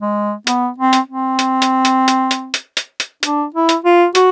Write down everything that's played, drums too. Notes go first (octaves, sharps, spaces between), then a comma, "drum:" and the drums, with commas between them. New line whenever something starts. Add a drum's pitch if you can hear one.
G#3
B3, drum: hi-hat
C4
drum: hi-hat
C4
drum: hi-hat
drum: hi-hat
drum: hi-hat
drum: hi-hat
drum: hi-hat
drum: hi-hat
drum: hi-hat
drum: hi-hat
D4, drum: hi-hat
E4
drum: hi-hat
F4
F#4, drum: hi-hat